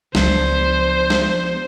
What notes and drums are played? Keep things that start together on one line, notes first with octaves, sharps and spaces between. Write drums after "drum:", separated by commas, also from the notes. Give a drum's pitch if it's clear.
C#2 F3 F#3 B3 D4 C5, drum: snare
drum: snare